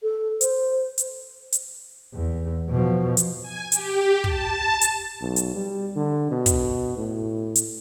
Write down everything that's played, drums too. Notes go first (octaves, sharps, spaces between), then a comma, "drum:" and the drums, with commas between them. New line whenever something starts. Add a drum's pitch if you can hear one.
A4
C5, drum: hi-hat
drum: hi-hat
drum: hi-hat
E2
B2 F3
drum: hi-hat
G#5
G4, drum: hi-hat
A5, drum: kick
drum: hi-hat
B1
drum: hi-hat
G3
D3
B2
drum: kick, hi-hat
A2
drum: hi-hat